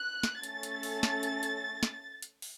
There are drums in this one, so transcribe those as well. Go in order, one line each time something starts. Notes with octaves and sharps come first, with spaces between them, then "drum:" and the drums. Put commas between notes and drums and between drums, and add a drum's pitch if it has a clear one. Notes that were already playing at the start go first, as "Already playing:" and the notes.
Already playing: F#6
drum: snare
A3 C#4 A4 A6, drum: hi-hat
drum: hi-hat
drum: open hi-hat
drum: snare
drum: hi-hat
drum: hi-hat
drum: snare
drum: hi-hat
drum: open hi-hat